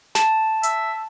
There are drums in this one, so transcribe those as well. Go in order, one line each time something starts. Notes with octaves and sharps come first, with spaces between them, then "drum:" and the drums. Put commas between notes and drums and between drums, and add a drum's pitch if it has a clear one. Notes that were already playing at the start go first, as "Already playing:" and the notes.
A5, drum: snare
E5, drum: hi-hat